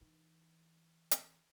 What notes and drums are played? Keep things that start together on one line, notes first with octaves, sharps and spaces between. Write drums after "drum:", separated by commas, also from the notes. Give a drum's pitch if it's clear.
E3 D#4
drum: hi-hat